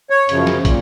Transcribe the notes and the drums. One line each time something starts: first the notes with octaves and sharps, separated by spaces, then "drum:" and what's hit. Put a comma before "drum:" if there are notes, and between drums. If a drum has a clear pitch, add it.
C#5
F#2 C#3 F3, drum: hi-hat
drum: snare
A#2, drum: kick, hi-hat